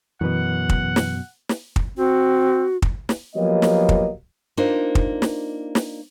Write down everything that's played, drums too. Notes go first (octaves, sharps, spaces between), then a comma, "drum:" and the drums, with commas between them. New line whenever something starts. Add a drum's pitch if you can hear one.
F#2 B2 E3 B4 F#5
drum: kick
drum: snare
drum: snare
drum: kick
C4 F#4
drum: kick
drum: snare
F3 F#3 A#3 B3 G4 D#5
drum: snare
drum: kick
A#3 D4 D#4 F4 C5
drum: kick
drum: snare
drum: snare